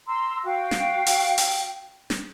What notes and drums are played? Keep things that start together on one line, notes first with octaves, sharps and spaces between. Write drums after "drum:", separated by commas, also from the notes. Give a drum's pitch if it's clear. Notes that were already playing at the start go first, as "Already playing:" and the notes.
A#5 C6 E6
F#4 F5 G5
drum: snare
drum: open hi-hat
drum: open hi-hat
drum: snare